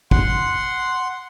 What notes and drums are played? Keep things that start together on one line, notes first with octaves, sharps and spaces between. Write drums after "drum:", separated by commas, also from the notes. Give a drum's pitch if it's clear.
F#5 C6, drum: kick